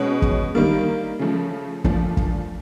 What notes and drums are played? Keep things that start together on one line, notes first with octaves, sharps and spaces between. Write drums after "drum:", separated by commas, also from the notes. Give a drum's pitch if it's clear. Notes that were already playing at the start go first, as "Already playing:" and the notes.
Already playing: B2 G#3 C#4
drum: kick
D#3 G3 A#3
C#3 F3 A3
A#2 F3 A3 D4, drum: kick
drum: kick